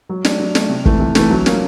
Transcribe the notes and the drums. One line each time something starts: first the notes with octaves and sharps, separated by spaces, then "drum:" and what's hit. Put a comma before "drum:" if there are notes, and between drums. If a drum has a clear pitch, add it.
F#3
A3 D4, drum: snare
F#3
A3 D4, drum: snare
C3
E3 A3, drum: kick
C3
E3 A3, drum: snare
F#3
A#3 C#4 F4, drum: snare